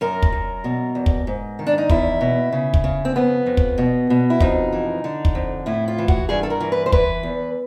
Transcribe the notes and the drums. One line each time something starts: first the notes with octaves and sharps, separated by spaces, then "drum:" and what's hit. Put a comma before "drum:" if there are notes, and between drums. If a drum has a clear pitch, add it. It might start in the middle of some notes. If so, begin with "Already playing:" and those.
F#2 A#4
drum: kick
F#2
B2
E2
drum: kick
G#2
D#3
D4
D#4
E2 E4, drum: kick
B2
C#3
drum: kick
C#3
C4
F2 B3
F2
drum: kick
B2
B2
E4
F2 D#4, drum: kick
E3
D3
drum: kick
F2
A2 E4
F4
E3
F#4, drum: kick
G2 G#4
A4
A#4
E3
B4
C5
E3 B4, drum: kick
E2